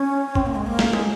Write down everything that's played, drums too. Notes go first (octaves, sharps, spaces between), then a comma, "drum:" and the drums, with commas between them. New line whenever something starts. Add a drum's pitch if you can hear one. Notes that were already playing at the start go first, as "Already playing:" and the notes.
Already playing: C#4
C4, drum: kick A1
A#3
G#3
A#3
drum: snare
G#3, drum: tom